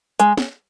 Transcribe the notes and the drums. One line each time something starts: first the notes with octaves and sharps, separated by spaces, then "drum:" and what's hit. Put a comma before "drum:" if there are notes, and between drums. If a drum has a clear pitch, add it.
G#3, drum: hi-hat
drum: snare